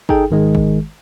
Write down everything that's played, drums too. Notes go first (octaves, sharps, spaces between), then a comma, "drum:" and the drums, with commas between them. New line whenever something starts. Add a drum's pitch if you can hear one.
D#4 G#4 A4 G5, drum: kick
G#1 D#3 G#3
drum: kick